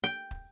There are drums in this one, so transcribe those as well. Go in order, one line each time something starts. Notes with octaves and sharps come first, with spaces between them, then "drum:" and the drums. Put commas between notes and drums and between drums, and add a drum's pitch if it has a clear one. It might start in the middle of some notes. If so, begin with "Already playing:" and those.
G5
drum: kick